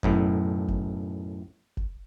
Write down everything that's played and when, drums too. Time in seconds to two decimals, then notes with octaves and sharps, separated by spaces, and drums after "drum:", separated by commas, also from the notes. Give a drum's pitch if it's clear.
0.03 B1 F#2 A2, drum: kick F#1
0.68 drum: kick F#1
1.77 drum: kick F#1